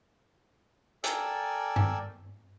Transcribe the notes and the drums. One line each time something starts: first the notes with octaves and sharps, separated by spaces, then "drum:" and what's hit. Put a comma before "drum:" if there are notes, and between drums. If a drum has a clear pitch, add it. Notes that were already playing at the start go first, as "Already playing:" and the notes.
A4 A#4 D5 G5 G#5 E6, drum: hi-hat
drum: tom